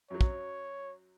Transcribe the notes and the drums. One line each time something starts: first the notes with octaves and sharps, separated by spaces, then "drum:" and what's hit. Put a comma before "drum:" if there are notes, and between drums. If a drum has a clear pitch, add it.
F#2 F#3 C#5
drum: kick